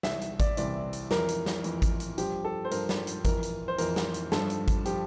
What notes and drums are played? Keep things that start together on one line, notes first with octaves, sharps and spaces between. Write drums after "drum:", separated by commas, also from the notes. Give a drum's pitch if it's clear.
C2 C3 E3 E5, drum: snare
drum: hi-hat
D5, drum: kick G#1, hi-hat
C2 C3 E3 D5, drum: hi-hat
drum: hi-hat
F2 E3 A#4, drum: snare
drum: hi-hat
drum: snare
F2 E3, drum: hi-hat
drum: kick G#1, hi-hat
drum: hi-hat
G2 F3 G4, drum: hi-hat
A4
C5
G2 F3 A#4, drum: hi-hat
drum: snare
drum: hi-hat
F2 E3 A#4, drum: kick G#1, hi-hat
drum: hi-hat
C5
F2 E3 A#4, drum: hi-hat
drum: snare
drum: hi-hat
G2 F3 A4, drum: snare
drum: hi-hat
drum: kick G#1, hi-hat
F3 G4, drum: hi-hat